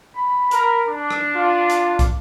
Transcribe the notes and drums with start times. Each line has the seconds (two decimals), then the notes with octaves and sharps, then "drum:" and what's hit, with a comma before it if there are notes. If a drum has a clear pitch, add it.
0.16 B5
0.51 A#4, drum: hi-hat
0.88 D4
1.11 drum: rim click
1.35 F4
1.70 drum: hi-hat
1.99 drum: kick, hi-hat